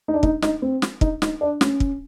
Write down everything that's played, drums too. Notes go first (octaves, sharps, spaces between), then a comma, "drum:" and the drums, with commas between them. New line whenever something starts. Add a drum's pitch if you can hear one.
D#4
D4
D#4, drum: kick
D#4, drum: snare
C4
drum: snare
D#4, drum: kick
D#4, drum: snare
D4
C#4, drum: snare
drum: kick